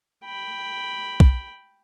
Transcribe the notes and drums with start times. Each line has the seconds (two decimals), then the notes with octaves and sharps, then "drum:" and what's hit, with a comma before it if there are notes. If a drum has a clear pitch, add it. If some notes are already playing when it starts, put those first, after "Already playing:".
0.24 G5 B5
1.20 drum: kick